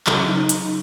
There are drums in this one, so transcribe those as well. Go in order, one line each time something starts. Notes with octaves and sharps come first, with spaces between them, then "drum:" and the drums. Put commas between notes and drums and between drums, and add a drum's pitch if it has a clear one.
C#3 F#3, drum: clap
D#4
drum: hi-hat